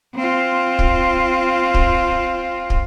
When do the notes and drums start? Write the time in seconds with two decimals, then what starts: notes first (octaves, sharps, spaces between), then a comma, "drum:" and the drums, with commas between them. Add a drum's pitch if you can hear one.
0.15 C4 F4
0.79 drum: kick
1.74 drum: kick
2.70 drum: kick